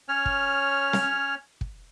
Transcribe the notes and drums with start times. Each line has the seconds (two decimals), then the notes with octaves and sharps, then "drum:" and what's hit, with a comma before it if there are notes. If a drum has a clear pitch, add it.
0.09 C#4 C#5 F6
0.25 drum: kick
0.93 drum: snare
1.61 drum: kick